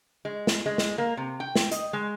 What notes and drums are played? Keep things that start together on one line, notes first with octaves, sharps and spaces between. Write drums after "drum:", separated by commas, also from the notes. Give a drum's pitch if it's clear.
G#3
drum: snare
G#3
drum: snare
A#3
C3
G5
drum: snare
D#5, drum: hi-hat
G#3